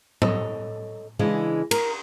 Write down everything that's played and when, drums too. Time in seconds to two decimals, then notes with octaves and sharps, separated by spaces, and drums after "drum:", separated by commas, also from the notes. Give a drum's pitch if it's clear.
0.22 A4 C#5 D#5, drum: tom A2
1.19 C#3 E3 G#3 D4
1.71 A#4, drum: cymbal